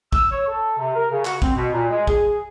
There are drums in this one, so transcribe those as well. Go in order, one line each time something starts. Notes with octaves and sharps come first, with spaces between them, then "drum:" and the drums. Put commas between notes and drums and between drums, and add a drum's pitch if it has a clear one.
E6, drum: kick
C#5
A4
C3
A#4
C#3
F#4, drum: clap
C4, drum: kick
B2
A#2
G#3
G#4, drum: kick